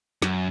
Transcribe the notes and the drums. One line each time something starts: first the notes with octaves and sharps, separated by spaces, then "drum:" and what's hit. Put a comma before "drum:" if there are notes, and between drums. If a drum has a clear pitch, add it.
F#2, drum: snare